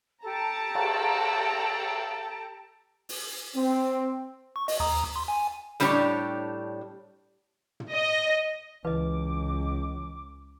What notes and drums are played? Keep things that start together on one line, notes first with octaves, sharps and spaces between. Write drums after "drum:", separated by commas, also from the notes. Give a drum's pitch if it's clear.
G4 A4 A5 A#5
drum: cymbal
drum: open hi-hat
C4
C#6
D#5, drum: open hi-hat
D#2 A#5 D#6
C6
G#5
A2 G3 D4 G4 C#5, drum: hi-hat
drum: tom
D#5
C#2 E3 B4 D#5 D6